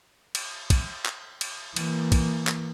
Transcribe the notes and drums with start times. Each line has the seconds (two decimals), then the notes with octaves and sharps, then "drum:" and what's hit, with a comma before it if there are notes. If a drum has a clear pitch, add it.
0.35 drum: cymbal
0.70 drum: kick, cymbal
1.06 drum: clap
1.41 drum: cymbal
1.76 E3 A#3, drum: cymbal
2.12 drum: kick, cymbal
2.47 drum: clap